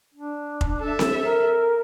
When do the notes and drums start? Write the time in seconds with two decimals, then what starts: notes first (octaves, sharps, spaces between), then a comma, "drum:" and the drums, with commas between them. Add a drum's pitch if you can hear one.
0.14 D4
0.61 drum: kick F1
0.80 A4 E5
0.99 drum: snare C4
1.23 A#4